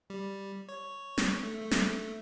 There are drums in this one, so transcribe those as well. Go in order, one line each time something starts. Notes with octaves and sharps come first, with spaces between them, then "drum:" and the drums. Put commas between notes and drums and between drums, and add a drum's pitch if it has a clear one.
G3
C#5
drum: snare
A3
A3
drum: snare